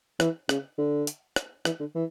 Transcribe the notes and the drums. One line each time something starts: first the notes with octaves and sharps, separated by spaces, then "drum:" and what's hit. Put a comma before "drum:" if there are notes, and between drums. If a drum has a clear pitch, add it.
E3, drum: rim click
C#3, drum: rim click
D3
drum: hi-hat
drum: rim click
E3, drum: rim click
D3
E3